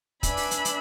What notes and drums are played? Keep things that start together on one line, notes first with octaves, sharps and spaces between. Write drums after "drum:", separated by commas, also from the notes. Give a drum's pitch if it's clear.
D4 B4 D5 E5 G#5 B5, drum: kick, hi-hat
drum: open hi-hat
drum: hi-hat
drum: hi-hat